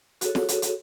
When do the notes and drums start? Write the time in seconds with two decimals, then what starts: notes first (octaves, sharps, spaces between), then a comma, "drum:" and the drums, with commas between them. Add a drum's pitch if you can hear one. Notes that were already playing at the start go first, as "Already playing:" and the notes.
0.21 F#4 G#4 A4 C#5, drum: hi-hat
0.35 drum: snare
0.48 drum: hi-hat
0.62 drum: hi-hat